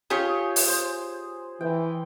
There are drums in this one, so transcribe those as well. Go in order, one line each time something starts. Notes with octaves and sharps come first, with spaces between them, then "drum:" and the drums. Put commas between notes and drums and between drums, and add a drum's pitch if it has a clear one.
F4 G4 G#4 C#5
drum: open hi-hat
C5
E3 G5